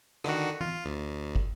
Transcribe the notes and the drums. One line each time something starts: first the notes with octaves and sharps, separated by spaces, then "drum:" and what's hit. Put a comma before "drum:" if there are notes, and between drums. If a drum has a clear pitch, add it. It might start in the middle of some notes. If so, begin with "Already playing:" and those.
D3 D#3 F#4, drum: rim click
F4, drum: tom E3
D2
drum: kick